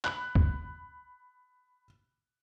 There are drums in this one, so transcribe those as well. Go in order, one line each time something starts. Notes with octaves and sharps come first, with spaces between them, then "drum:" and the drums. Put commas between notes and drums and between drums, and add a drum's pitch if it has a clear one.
B5 F#6, drum: clap
drum: kick